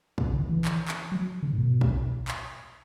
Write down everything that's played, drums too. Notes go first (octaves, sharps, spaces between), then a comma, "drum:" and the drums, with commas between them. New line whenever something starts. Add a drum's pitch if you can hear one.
B2, drum: kick
D3
E3
drum: clap
drum: clap
F#3
D3
A2
B2
drum: kick
drum: clap